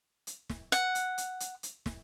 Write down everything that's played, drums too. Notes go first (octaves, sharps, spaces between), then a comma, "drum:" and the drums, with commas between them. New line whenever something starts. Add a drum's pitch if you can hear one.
drum: hi-hat
drum: snare
F#5, drum: hi-hat
drum: hi-hat
drum: hi-hat
drum: hi-hat
drum: hi-hat
drum: snare